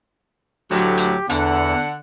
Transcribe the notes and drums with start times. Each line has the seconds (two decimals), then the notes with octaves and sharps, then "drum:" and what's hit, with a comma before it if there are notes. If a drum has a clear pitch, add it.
0.71 D2 A2 F#3 G4, drum: open hi-hat
0.97 drum: hi-hat
1.30 E2 D3 F#5, drum: hi-hat